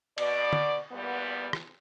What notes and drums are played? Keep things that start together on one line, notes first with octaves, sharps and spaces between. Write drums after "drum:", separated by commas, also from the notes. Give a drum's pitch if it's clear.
B2 D5, drum: cymbal
drum: tom
E2 A#2 G3 B3
drum: rim click